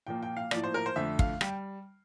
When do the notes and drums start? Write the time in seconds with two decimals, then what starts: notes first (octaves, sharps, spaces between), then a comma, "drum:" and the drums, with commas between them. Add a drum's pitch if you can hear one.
0.07 A#2 F3 A#3 G5
0.23 G5
0.37 F5
0.51 A2 F3 A#3 D5, drum: rim click
0.64 C5
0.74 A#4
0.86 C5
0.96 F2 D3 A3 E5
1.19 F5, drum: kick
1.41 G3 G5, drum: rim click